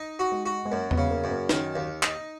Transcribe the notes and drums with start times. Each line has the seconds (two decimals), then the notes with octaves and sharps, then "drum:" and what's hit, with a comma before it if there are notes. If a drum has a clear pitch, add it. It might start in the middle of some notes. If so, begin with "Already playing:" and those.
Already playing: D#4
0.19 F#4
0.32 G#3
0.46 F#4
0.65 G#3
0.71 F#2 A#3
0.91 B3, drum: tom E2
0.98 C#3
1.10 A#3
1.24 F#2
1.31 A#3
1.49 D#3 C#4, drum: snare
1.75 D#2
2.03 D#4, drum: clap